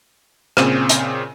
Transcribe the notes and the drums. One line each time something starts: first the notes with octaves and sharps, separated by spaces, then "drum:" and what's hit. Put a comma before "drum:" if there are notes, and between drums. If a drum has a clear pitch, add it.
A#2 C#3 C4 D#7 E7, drum: rim click
drum: hi-hat